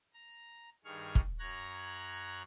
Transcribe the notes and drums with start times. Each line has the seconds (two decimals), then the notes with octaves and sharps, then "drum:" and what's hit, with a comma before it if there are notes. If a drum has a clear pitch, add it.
0.13 A#5
0.84 G2 D#3 G#4 C#6 F6
1.15 drum: kick
1.39 F#2 C#5 A#5 F#6 G#6 A#6